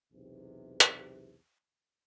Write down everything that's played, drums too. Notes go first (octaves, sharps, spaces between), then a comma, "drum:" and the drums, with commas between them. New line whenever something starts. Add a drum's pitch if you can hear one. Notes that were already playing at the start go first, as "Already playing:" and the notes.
B1 E2 C3
drum: hi-hat